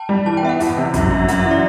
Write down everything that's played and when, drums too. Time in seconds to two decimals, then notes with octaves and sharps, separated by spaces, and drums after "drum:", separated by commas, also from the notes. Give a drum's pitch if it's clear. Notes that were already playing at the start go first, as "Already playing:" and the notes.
Already playing: G5 A5
0.09 G3
0.26 E3 A5
0.37 G5
0.43 B3 E5
0.49 F#5
0.60 E2, drum: open hi-hat
0.77 C3
0.94 F#2, drum: kick, hi-hat
1.11 F#2
1.28 F#2 F#5, drum: hi-hat
1.40 E5
1.45 E3
1.51 D5